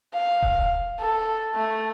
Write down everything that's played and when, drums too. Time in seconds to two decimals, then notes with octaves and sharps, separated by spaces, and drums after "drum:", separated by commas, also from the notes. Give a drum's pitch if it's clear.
0.13 F5
0.42 drum: kick D#1
0.99 A4
1.55 A3